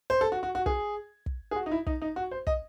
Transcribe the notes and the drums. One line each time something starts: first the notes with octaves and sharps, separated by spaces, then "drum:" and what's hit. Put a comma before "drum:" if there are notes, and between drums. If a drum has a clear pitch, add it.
C5
A4
F#4
F#4
F#4
G#4, drum: kick
drum: kick
G#4
F#4
D#4
E4
D#4, drum: kick
D#4
F#4
C5
D#5, drum: kick